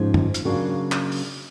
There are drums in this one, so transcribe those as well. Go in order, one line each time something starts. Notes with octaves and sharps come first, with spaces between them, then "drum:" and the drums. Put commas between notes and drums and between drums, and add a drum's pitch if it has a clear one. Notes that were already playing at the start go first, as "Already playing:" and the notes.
Already playing: G#2 F3 G#3 C#4
drum: tom
drum: hi-hat
C#3 F#3 A#3 D4 F#4
drum: clap
drum: open hi-hat